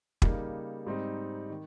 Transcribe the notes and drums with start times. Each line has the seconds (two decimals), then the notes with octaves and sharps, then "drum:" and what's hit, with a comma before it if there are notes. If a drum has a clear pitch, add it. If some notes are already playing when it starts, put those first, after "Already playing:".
0.22 C#3 G3 A#3 D#4, drum: kick
0.86 G#2 G3 C4 D#4
1.50 D#3